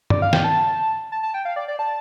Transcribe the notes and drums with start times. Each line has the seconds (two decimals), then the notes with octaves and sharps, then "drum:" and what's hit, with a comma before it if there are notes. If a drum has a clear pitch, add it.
0.10 D5, drum: tom G2
0.22 F5
0.33 G5, drum: snare
0.44 A5
1.12 A5
1.23 A5
1.34 G5
1.45 F5
1.56 D5
1.68 D5
1.79 A5